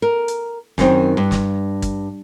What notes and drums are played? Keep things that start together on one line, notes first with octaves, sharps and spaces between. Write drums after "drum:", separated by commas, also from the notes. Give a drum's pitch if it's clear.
A#4
drum: hi-hat
F#2 D#3 C4 D#4, drum: snare
G2
drum: snare
drum: kick, hi-hat